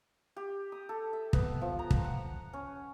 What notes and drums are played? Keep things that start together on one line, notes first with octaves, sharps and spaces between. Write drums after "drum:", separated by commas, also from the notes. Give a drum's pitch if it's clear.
G4
D#6
A4
E5
B3, drum: kick
F3
A#5
drum: kick
F#5
C#4